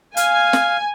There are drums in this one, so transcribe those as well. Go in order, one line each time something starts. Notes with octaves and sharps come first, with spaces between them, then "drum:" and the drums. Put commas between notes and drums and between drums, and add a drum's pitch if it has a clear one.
F5 G#5, drum: hi-hat
drum: snare